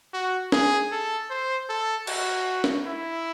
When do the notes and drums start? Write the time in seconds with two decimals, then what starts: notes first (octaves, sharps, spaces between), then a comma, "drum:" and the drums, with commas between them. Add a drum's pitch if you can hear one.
0.13 F#4
0.52 G#4, drum: snare
0.91 A4
1.30 C5
1.69 A4
2.07 F#4, drum: cymbal
2.64 drum: snare
2.86 E4